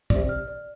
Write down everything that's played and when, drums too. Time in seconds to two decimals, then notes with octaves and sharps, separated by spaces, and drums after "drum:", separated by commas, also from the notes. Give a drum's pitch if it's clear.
0.10 C3 D5, drum: kick
0.29 F6
0.48 D5